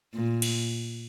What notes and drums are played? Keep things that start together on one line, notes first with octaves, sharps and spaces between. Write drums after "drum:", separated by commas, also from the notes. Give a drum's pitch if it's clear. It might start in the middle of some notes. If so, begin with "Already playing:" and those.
A#2
drum: cymbal